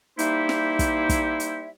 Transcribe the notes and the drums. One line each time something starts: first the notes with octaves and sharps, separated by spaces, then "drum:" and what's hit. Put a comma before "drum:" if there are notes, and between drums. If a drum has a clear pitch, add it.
G3 A#3 D#4 E4 C5 E5, drum: hi-hat
drum: snare
drum: kick, hi-hat
drum: kick, hi-hat
drum: hi-hat